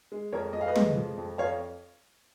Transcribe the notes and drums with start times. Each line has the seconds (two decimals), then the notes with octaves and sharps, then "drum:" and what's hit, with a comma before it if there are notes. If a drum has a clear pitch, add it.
0.12 G#3
0.33 F2 A#4 C#5
0.53 F2 D#5
0.61 F5
0.67 B4 D#5
0.76 G#3, drum: tom
0.96 F3
1.17 F2
1.38 F2 C#5 F5